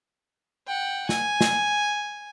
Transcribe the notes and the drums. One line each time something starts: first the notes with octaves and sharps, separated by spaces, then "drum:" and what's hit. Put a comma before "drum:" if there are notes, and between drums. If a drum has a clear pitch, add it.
F#5 G5
G#5, drum: snare
drum: snare